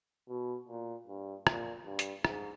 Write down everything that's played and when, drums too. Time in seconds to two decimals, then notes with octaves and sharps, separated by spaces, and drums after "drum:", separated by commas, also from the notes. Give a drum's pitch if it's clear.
0.29 B2
0.68 A#2
1.08 G2
1.47 A#2, drum: rim click
1.86 G2
1.99 drum: hi-hat
2.25 G#2, drum: rim click